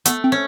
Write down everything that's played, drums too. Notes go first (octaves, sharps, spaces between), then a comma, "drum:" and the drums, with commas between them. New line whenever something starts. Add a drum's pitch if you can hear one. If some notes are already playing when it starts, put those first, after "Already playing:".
A3 B3, drum: hi-hat
C4
C#4